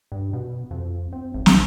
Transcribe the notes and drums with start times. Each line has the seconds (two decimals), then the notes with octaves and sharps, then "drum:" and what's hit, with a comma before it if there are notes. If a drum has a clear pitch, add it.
0.12 G2
0.33 B2
0.71 F2
1.13 C4
1.34 G#1
1.46 B1, drum: snare